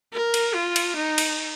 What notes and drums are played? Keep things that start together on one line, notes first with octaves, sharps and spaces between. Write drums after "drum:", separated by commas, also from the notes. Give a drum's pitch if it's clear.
A#4
drum: cymbal
F4
drum: cymbal
D#4
drum: cymbal